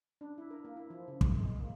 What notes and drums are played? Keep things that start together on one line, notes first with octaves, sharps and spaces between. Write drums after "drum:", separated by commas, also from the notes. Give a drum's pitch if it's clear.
D4
E4
A#4
A#3
E4
F3
C#3
D#3, drum: kick
G#3
A#3